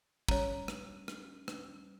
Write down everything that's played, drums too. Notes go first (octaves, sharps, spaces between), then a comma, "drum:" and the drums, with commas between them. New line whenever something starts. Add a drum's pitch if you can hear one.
G3 C#4 C#5 A#5, drum: kick
drum: rim click
drum: rim click
drum: rim click